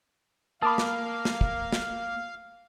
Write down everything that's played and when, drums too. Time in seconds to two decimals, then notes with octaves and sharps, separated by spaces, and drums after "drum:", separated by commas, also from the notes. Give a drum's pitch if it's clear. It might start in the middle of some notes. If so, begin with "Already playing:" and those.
0.62 A#3 F5 A5 B5 D6 D#6
0.78 drum: snare
1.25 drum: snare
1.41 drum: kick
1.72 drum: snare